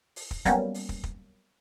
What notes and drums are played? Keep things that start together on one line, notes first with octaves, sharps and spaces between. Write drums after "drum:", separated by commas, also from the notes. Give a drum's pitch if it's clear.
drum: open hi-hat
drum: kick
F#3 G3 A#3 B3 C#4, drum: kick, hi-hat
drum: open hi-hat
drum: kick
drum: kick